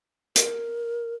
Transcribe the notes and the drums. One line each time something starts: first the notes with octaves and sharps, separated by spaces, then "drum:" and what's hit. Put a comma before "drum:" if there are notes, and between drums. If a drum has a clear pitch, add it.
A#4, drum: hi-hat